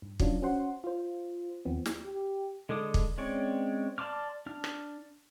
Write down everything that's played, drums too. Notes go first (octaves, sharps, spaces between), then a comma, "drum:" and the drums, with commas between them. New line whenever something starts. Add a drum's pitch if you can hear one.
G2
F3 F#3 C#4 D4 F4, drum: kick
C#4 F#4 C5 F#5 C6
F4 C5
D#2 F3 B3 C4
drum: snare
G4
D3 G#3 A4 D6 D#6
drum: kick
G#3 C4 C#4 C#5 D5
D5 A5 C6 D6 F6
D4 F6
drum: rim click